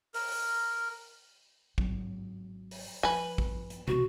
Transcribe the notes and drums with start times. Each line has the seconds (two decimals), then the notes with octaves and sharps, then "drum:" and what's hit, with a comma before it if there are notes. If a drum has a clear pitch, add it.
0.14 A#4, drum: open hi-hat
0.29 drum: open hi-hat
1.78 G#1 F#3, drum: kick A1
2.71 drum: open hi-hat
3.03 F3 B4 G#5
3.38 drum: kick A1
3.70 drum: hi-hat
3.88 B2 E3 F#4, drum: tom